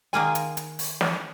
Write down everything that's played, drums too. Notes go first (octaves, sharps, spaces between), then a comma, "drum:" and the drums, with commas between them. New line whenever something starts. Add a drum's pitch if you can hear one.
D#3 A#3 F4 G#4 G#5
drum: hi-hat
drum: hi-hat
drum: open hi-hat
drum: snare